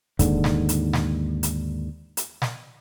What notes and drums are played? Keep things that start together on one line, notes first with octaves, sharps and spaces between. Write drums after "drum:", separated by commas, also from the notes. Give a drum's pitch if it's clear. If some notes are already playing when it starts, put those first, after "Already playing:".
D#2 G#2 D3, drum: kick C#1, hi-hat
drum: snare
drum: hi-hat
drum: snare
drum: hi-hat
drum: hi-hat
drum: snare